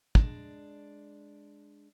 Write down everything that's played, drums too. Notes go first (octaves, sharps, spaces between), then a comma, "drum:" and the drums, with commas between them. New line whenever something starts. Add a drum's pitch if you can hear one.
G#3 D4, drum: kick